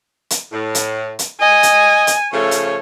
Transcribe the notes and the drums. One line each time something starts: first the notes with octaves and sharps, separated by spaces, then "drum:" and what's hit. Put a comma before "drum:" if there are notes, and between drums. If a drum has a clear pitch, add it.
drum: hi-hat
A2
drum: hi-hat
drum: hi-hat
D#5 G#5
drum: hi-hat
drum: hi-hat
C#3 F3 A3 C#5
drum: hi-hat